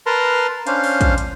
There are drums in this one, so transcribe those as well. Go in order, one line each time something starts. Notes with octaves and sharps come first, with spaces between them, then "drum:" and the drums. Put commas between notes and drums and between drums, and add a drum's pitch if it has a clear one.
A#4 B4 A5 A#5 C6
C#4 D4 C5 F5, drum: hi-hat
drum: open hi-hat
drum: kick, hi-hat
drum: hi-hat